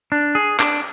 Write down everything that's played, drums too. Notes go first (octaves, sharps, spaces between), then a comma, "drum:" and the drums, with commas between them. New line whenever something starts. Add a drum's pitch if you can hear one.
D4
G#4
D4, drum: clap